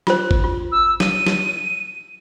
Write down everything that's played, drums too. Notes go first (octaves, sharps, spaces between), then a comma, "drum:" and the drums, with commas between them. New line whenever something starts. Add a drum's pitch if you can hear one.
F4 C5, drum: snare
drum: kick G#1
F4
E6
D#7, drum: snare
drum: snare